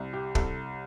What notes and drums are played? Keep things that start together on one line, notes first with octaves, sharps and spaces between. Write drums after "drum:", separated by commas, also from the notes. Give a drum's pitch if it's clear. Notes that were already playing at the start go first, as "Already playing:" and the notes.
Already playing: C2
G4
C2 A4, drum: kick